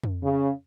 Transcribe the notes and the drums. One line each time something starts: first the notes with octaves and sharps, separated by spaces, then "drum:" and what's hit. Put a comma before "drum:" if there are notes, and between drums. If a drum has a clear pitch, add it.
drum: tom F2
C#3